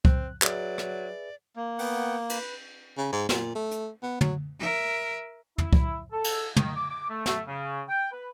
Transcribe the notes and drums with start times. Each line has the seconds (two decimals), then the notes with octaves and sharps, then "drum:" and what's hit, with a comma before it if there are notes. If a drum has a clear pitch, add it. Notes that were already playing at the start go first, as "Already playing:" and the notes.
0.05 C4 F#6, drum: kick C2
0.42 F#3 G#4 B4 D5 E5, drum: clap
0.78 drum: rim click
1.56 A#3
1.79 B3 F#5 G5, drum: open hi-hat
2.30 B4, drum: cymbal
2.98 C#3
3.13 G#2
3.29 A#2, drum: snare
3.55 A3
3.71 drum: hi-hat
4.03 B3
4.21 F#3, drum: tom
4.60 A#4 E5
5.58 E4, drum: tom
5.73 drum: kick C2
6.12 A4
6.24 drum: cymbal
6.56 D#3, drum: tom
6.75 D6
6.89 D6
7.09 A3
7.26 A3, drum: snare
7.47 C#3
7.89 G5
8.12 B4